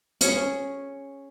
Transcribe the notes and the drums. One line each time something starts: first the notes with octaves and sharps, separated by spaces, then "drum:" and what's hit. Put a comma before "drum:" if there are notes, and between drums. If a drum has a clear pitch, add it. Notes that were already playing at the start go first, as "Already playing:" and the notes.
C#4 G#4 C#5, drum: hi-hat